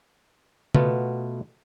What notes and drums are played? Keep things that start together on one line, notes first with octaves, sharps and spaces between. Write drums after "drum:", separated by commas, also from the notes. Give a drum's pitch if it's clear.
B2 A3 B3 F4, drum: tom C#3